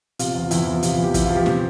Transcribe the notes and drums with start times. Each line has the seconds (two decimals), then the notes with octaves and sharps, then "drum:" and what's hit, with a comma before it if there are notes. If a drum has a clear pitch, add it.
0.19 C3 F4, drum: hi-hat
0.35 E2 F4
0.51 E2 E4, drum: hi-hat
0.67 F3 E4
0.83 C3 F4, drum: hi-hat
0.98 E2
1.04 G4
1.14 E2 E4, drum: kick, hi-hat
1.25 F4
1.30 F3
1.35 G4
1.46 C3, drum: snare